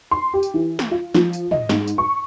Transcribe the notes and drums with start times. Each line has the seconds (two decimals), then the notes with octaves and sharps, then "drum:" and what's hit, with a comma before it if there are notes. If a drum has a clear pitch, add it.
0.11 C6
0.34 G4
0.43 drum: tambourine
0.54 E3
0.79 drum: snare
0.91 F4
1.14 F3, drum: snare
1.33 drum: tambourine
1.51 D#5, drum: tom
1.69 G#2, drum: snare
1.87 drum: tambourine
1.98 C#6